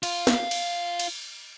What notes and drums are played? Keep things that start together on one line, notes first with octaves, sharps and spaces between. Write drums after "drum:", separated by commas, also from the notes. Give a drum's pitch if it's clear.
F4, drum: cymbal
drum: snare
drum: cymbal
drum: cymbal